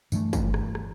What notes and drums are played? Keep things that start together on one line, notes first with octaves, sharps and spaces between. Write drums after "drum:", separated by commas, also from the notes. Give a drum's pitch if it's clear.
G2 E3 A3, drum: tambourine
drum: kick, tambourine
drum: rim click
drum: rim click